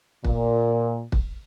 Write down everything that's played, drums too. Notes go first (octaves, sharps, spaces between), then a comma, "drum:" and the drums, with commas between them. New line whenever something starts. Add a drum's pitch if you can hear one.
A#2, drum: kick
drum: kick